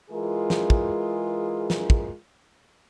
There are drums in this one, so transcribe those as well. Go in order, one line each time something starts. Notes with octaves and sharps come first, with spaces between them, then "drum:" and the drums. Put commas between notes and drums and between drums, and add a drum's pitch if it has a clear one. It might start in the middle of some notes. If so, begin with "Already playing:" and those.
E3 G#3 F4 G#4 A#4
drum: snare
drum: kick
drum: snare
drum: kick